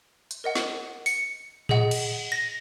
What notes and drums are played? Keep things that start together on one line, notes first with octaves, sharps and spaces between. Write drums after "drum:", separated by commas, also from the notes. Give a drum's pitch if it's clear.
drum: hi-hat
A#4 D#5 F#5
drum: snare
C#7, drum: tambourine
G#4 D#5 F#5, drum: tom A2
drum: cymbal
A#6